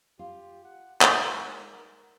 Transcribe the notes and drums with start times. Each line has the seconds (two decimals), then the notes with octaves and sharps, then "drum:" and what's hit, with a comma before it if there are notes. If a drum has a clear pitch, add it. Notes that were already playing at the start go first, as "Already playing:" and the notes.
0.19 F4 G4
0.64 F#5
1.01 G#3 D#4 F4, drum: clap
1.40 A#4